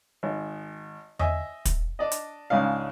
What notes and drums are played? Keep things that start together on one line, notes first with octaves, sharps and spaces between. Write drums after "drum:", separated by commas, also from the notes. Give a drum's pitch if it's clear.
G#1
D#5 E5 G#5, drum: tom E2
drum: kick, hi-hat
D4 D5 D#5
drum: hi-hat
C#2 G#2 C#3 D4 F5